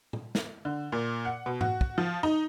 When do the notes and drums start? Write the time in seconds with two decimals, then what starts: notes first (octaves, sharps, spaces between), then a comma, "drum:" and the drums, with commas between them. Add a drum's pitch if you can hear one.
0.13 drum: tom A#2
0.35 drum: snare
0.65 D3
0.92 A#2
1.25 F#5
1.46 B2
1.61 F#4, drum: tom G#2
1.81 drum: kick
1.98 F3
2.23 D#4